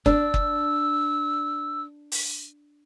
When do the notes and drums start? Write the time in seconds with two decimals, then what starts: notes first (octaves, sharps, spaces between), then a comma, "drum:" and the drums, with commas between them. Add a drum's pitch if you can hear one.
0.06 D4 E6, drum: kick F#1
0.34 drum: kick F#1
2.12 drum: open hi-hat